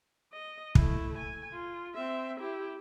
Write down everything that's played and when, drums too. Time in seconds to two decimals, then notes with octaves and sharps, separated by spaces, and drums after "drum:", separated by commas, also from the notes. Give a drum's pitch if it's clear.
0.33 D#5
0.75 A3 E4, drum: kick
1.18 G#5
1.54 F4
1.95 C4 E5
2.40 E4 G4